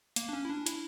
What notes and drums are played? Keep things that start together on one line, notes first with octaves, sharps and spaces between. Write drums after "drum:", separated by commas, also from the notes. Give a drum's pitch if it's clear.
A#3, drum: hi-hat
D4
C#4
E4
D4
E4, drum: hi-hat